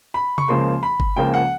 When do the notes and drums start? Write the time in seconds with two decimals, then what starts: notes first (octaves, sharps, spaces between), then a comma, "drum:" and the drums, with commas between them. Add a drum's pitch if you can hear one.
0.14 B5
0.38 C#6, drum: tom C3
0.48 C#2 C#3 F3 A#3 C6
0.83 B5
1.00 drum: kick G1
1.16 C#2 C#3 F3 A#3 G5
1.34 F#5